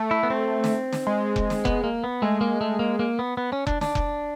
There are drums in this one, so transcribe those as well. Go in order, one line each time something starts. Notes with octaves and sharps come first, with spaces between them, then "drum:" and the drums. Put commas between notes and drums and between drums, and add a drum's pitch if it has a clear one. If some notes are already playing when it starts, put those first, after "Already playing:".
Already playing: A3
E4
B3
C4
drum: snare
drum: snare
G#3
drum: kick F1
drum: snare
B3, drum: kick F1
A#3
B3
G#3 A3
A#3
A3
A#3
A#3
B3
B3
C#4
D4, drum: kick F1
D4, drum: snare
drum: kick F1